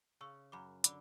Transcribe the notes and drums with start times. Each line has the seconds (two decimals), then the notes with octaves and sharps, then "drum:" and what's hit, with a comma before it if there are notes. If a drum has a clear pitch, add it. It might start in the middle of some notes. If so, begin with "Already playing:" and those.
0.21 C#3 C#6 E6
0.52 F#2 B5 D6
0.84 D3 B5 D6, drum: hi-hat